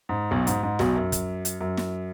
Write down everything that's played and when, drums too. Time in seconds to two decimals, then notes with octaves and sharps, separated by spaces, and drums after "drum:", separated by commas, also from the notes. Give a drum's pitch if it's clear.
0.09 G#2
0.31 B1 B2
0.47 G#2, drum: hi-hat
0.63 G#2
0.79 B1 B2, drum: snare
0.96 F#2
1.12 drum: kick, hi-hat
1.45 drum: hi-hat
1.61 F#2
1.77 drum: snare